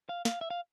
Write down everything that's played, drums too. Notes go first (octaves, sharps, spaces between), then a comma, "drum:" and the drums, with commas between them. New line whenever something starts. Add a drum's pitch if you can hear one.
F5
F5, drum: snare
E5
F5